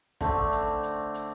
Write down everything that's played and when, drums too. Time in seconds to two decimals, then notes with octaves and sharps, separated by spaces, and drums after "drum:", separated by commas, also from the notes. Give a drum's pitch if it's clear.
0.21 D3 A3 C4, drum: kick, hi-hat
0.52 drum: hi-hat
0.83 drum: hi-hat
1.14 drum: hi-hat